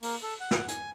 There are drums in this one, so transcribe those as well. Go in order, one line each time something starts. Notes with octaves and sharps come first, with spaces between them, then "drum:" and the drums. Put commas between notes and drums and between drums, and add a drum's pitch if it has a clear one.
A#3, drum: open hi-hat
A4
F#5
drum: snare
G#5, drum: hi-hat